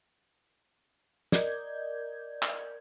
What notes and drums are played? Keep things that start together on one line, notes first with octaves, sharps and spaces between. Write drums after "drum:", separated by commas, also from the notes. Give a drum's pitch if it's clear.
A#4 D5 D#5 G6 G#6, drum: snare
drum: clap